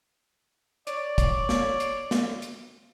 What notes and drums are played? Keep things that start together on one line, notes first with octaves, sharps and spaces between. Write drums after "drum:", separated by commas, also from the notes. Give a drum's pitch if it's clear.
C#5 D5, drum: hi-hat
drum: kick, hi-hat
drum: snare
drum: hi-hat
drum: snare
drum: hi-hat